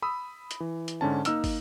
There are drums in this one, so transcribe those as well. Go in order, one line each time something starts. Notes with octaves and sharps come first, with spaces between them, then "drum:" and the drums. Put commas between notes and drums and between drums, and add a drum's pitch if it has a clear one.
B5 D#6 E6
drum: hi-hat
E3
drum: hi-hat
G#2 D3 C#4 A5
A#3 D#4 E6 F6, drum: hi-hat
drum: kick, open hi-hat